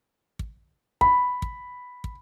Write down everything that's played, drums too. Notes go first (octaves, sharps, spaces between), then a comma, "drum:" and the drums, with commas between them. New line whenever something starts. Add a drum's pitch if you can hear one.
drum: kick
B5, drum: kick
drum: kick
drum: kick